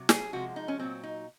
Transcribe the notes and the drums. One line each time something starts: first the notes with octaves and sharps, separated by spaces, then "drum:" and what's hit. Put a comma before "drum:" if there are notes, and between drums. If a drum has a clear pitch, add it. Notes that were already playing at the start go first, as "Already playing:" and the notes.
Already playing: C3 F#3
G#4, drum: snare
C3 F3 G#3 F#4
D#4
C#4
A#2 F#3 C4
D#4